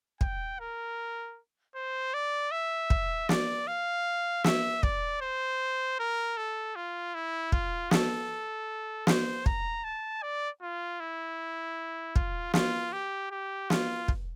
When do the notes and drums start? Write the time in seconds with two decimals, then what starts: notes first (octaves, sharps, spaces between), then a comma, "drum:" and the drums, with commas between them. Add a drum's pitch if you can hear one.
0.21 G5, drum: kick
0.59 A#4
1.75 C5
2.14 D5
2.51 E5
2.90 drum: kick
3.29 D5, drum: snare
3.67 F5
4.44 E5, drum: snare
4.83 D5, drum: kick
5.21 C5
5.99 A#4
6.37 A4
6.76 F4
7.14 E4
7.52 F4, drum: kick
7.91 A4, drum: snare
9.07 C5, drum: snare
9.46 A#5, drum: kick
9.84 A5
10.22 D5
10.62 F4
11.00 E4
12.16 F4, drum: kick
12.54 F4, drum: snare
12.93 G4
13.31 G4
13.70 F4, drum: snare
14.08 drum: kick